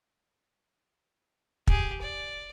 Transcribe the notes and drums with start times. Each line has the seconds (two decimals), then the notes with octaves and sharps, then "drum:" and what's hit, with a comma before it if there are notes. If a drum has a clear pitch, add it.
1.67 G4 G#4, drum: kick
2.02 D5